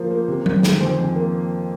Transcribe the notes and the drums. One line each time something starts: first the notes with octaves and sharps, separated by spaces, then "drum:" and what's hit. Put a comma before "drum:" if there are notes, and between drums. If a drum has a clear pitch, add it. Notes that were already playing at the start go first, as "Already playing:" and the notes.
Already playing: F3 A#3 C5
A#3
C3
D#3, drum: tom F#3
D#3, drum: snare
F2 C5
F2
A#3